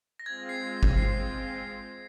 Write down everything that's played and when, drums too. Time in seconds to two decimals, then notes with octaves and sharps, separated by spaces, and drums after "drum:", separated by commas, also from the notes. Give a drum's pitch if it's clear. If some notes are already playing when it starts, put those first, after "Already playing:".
0.20 A#6
0.26 G#3 C4 F4 G#6
0.49 C7
0.83 drum: kick G#1
0.97 C7